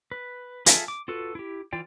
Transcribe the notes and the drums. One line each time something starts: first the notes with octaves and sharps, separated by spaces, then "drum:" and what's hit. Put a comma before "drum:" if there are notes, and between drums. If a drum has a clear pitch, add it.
B4
F4 G#4 A4 E5, drum: hi-hat
D6
F4 F#4 A4 B4
E4 G4
E3 F4 D5 G5